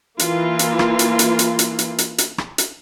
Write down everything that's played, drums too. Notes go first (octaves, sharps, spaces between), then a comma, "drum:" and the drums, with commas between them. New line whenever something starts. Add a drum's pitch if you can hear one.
E3 A#3 F4, drum: hi-hat
drum: hi-hat
drum: rim click
drum: hi-hat
drum: hi-hat
drum: hi-hat
drum: hi-hat
drum: hi-hat
drum: hi-hat
drum: hi-hat
drum: rim click
drum: hi-hat